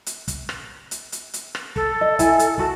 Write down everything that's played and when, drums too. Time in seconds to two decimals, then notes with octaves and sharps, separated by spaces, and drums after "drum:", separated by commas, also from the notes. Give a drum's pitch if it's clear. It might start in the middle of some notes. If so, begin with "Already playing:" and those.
0.06 drum: hi-hat
0.28 drum: kick, hi-hat
0.49 drum: rim click
0.91 drum: hi-hat
1.12 drum: hi-hat
1.34 drum: hi-hat
1.55 drum: rim click
1.76 A4, drum: kick
2.01 D#5
2.19 E4 G#5, drum: kick, hi-hat
2.39 drum: hi-hat
2.58 F#4 A#4 A5, drum: kick